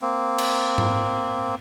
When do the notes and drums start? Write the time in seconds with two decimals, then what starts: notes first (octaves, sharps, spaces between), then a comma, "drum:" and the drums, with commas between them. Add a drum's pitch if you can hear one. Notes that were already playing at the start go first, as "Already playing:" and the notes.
0.02 A#3 C4
0.38 drum: cymbal
0.78 drum: tom G#2